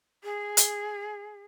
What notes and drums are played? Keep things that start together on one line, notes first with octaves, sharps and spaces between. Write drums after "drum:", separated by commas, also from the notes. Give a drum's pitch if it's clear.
G#4
drum: hi-hat